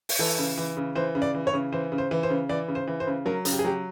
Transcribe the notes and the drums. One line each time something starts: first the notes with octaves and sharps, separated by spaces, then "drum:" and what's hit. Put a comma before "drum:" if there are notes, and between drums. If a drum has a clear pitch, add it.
drum: open hi-hat
E3 A4
C#3
E3
C#3
E3 C5
C#3
D5
E3
C#5
C#3
E3 C5
C#3
C5
E3
C5
C#3
E3 D5
C#3
C5
E3
C5
C#3
F#3 A#4
C#3, drum: hi-hat
G4
G#4
F#3 G4